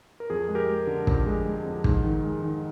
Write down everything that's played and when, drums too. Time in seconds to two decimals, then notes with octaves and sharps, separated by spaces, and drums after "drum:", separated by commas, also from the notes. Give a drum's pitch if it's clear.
0.20 A#4
0.30 F2 G#4
0.49 G#3
0.55 G4 A#4
0.69 G#3
0.87 D3
1.07 F2, drum: kick
1.26 G#3
1.45 G#3
1.65 F2
1.84 G#2, drum: kick
2.04 D#3
2.23 G#3
2.42 D#3